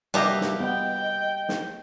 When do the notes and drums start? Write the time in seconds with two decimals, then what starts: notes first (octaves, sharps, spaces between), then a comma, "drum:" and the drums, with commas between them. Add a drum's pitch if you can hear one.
0.14 B2 G3 A#3 G4 D#5 E5, drum: cymbal
0.41 drum: snare
0.60 B3 D#5 G5
1.49 drum: snare